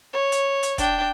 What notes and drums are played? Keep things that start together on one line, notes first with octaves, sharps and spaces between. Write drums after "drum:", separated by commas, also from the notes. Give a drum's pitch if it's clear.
C#5
drum: hi-hat
drum: hi-hat
D4 G5, drum: kick, hi-hat